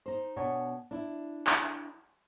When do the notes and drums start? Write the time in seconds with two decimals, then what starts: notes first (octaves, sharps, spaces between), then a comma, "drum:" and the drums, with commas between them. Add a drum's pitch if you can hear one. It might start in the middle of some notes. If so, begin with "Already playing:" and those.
0.06 D#4 C5
0.36 B2 B3 D4 C#5 G#5
0.91 D4 E4
1.47 drum: clap